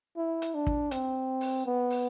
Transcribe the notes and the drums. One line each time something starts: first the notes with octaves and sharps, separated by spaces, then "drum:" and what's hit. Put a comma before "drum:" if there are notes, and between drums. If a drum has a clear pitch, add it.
E4
drum: hi-hat
D4
drum: kick
C4, drum: hi-hat
drum: open hi-hat
B3
drum: open hi-hat